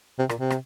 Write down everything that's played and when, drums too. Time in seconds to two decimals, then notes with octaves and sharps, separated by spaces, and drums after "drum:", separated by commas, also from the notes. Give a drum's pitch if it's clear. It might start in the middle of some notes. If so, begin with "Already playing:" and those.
0.19 C3
0.29 A#2, drum: rim click
0.40 C3
0.50 drum: rim click